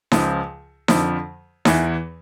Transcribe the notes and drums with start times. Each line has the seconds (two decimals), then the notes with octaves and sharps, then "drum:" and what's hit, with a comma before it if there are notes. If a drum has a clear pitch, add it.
0.12 C#2 C#3 F3, drum: snare D#4
0.88 F2 D3 F3, drum: snare D#4
1.65 E2 E3, drum: snare D#4